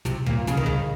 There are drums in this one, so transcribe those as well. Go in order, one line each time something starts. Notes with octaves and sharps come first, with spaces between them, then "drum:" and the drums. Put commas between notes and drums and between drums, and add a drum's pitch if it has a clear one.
C3, drum: snare
A#2, drum: tom C#2
C#3, drum: snare
D#3
C#3, drum: tom C#2